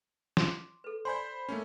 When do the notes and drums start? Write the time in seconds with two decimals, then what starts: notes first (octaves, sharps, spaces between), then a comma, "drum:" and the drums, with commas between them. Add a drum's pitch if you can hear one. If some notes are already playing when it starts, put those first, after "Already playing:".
0.37 C6 D6, drum: snare
0.84 A4 B4
1.05 C5 D5 G#5 B5 C6 G6
1.49 A3 A#3 C#4